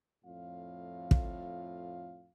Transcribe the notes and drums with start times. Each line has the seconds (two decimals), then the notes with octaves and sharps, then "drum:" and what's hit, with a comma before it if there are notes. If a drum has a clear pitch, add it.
0.24 F2 A2 F4 F5
1.11 drum: kick